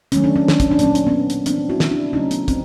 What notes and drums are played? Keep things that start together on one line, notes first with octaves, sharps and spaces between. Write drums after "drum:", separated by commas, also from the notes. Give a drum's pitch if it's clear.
D#3 F#3 A3 C#4, drum: hi-hat
D4
C#4
D4, drum: snare
C#4, drum: kick, hi-hat
D4
A#2 F#3 A#3 C#4, drum: hi-hat
D4, drum: hi-hat
B3 C#4
drum: hi-hat
E3 G3 B3 C4 D4, drum: hi-hat
E4 F#4
drum: snare
D4 E4
C#3 F#3 A3 C#4 D#4
B3, drum: hi-hat
C4, drum: kick, hi-hat